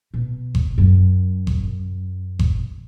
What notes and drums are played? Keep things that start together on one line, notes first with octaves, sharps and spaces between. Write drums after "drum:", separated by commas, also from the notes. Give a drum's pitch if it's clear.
B2
drum: kick G1
F#2
drum: kick G1
drum: kick G1